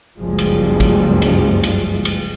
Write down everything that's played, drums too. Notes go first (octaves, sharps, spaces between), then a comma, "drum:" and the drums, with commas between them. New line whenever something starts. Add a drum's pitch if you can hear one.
F#1 C#2 G2 F3 G3 G#3
drum: cymbal
drum: kick, cymbal
drum: cymbal
drum: cymbal
drum: cymbal